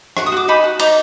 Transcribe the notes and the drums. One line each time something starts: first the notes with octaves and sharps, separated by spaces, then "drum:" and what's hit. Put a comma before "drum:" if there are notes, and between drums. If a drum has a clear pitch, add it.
F#4, drum: rim click
D#6
F#4 D6
D#4 G#5 B5
F#4
D#4 A#5 D6, drum: cymbal